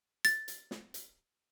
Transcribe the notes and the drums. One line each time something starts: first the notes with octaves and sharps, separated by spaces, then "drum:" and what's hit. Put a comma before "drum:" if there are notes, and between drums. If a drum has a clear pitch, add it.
A6, drum: hi-hat
drum: hi-hat
drum: snare
drum: hi-hat